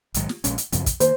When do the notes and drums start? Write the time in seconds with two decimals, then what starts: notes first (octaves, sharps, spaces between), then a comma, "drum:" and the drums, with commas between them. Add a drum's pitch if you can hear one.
0.14 A#1 G#2 D#3 F#3, drum: hi-hat
0.29 drum: snare
0.44 A#1 A#2 G#3 C#4, drum: hi-hat
0.58 drum: hi-hat
0.72 F#2 C#3 F3 C4, drum: hi-hat
0.86 drum: kick, hi-hat
1.00 D#3 A#3 C5, drum: hi-hat